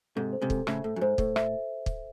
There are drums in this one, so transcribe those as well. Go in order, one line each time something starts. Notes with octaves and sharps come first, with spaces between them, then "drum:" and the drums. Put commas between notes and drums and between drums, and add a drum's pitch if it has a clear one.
G#2 C3 A4
C5
G#2 C3
A4, drum: kick
A2 C#3 E5, drum: rim click
A2 A4
F#2
G#2 C5
A2 A4, drum: kick
E5, drum: rim click
drum: kick